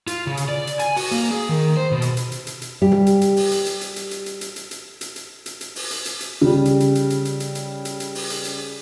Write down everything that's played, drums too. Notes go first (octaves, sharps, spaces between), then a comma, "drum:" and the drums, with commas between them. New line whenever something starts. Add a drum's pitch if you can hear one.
F4, drum: hi-hat
C#3
drum: hi-hat
D5
drum: hi-hat
G#5, drum: hi-hat
F#4, drum: open hi-hat
A#3, drum: hi-hat
G#4
D#3
C5
B2
drum: hi-hat
drum: hi-hat
drum: hi-hat
drum: hi-hat
drum: hi-hat
G3 G4
drum: tom
drum: hi-hat
drum: hi-hat
drum: open hi-hat
drum: hi-hat
drum: hi-hat
drum: hi-hat
drum: hi-hat
drum: hi-hat
drum: hi-hat
drum: hi-hat
drum: hi-hat
drum: hi-hat
drum: hi-hat
drum: hi-hat
drum: hi-hat
drum: hi-hat
drum: open hi-hat
drum: hi-hat
drum: hi-hat
drum: hi-hat
C#3 G3
drum: hi-hat
drum: hi-hat
drum: hi-hat
drum: hi-hat
drum: hi-hat
drum: hi-hat
drum: hi-hat
drum: hi-hat
drum: hi-hat
drum: open hi-hat
drum: hi-hat
drum: hi-hat